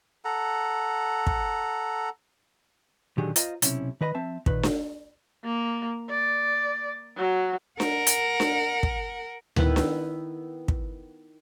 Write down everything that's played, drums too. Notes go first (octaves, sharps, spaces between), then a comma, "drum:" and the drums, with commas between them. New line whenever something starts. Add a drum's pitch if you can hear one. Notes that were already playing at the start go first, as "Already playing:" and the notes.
A4 F#5 A#5
drum: kick
A#2 D3 D#3 F#3 G4 G#4
F4 C5 D#5 A#5, drum: hi-hat
B1 C3 C#4 E4, drum: hi-hat
D#3 B4 D#5 B5
F3 C4 E5 A5
A#2 D#3 B4, drum: kick
drum: snare D4
A#3
D5
F#3
A#4 F#5, drum: snare D4
drum: hi-hat
drum: snare D4
drum: kick
D#3 B3 E4 B4, drum: tom D2
drum: snare D4
drum: kick